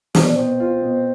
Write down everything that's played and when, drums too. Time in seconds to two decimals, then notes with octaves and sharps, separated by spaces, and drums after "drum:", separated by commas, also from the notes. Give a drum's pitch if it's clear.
0.15 B2 C4, drum: snare
0.25 D4
0.36 B2 C4
0.60 F4
0.82 B2